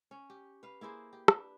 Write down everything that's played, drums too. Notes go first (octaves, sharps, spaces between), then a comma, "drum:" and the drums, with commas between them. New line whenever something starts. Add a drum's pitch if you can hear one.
C#4
G4
B4 F5
A#3 E4 G#4 C5
G4
D4 B4, drum: rim click